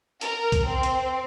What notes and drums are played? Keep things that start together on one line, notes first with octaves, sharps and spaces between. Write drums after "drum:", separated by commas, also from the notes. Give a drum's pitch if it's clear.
A#4, drum: hi-hat
drum: kick C2, hi-hat
C4
drum: hi-hat